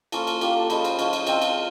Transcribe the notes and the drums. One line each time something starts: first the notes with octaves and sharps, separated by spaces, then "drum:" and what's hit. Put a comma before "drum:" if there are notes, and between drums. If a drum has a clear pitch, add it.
F3 A#3 C#4 F4 A4, drum: cymbal
drum: cymbal
F3 A#3 C#4 F4 G4, drum: cymbal
A4
F3 G#3 C#4 B4, drum: cymbal
C5, drum: cymbal
F3 G#3 C#4, drum: cymbal
drum: cymbal
G#3 C4 F4, drum: cymbal
drum: cymbal